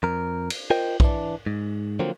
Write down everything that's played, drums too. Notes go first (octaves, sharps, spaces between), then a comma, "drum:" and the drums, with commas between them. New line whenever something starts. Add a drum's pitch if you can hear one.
F2 A#4
drum: cymbal
F4 A#4 C5 D#5 G5
E3 D4, drum: kick B1
G#2
D3 F3 F#3 A#3 C4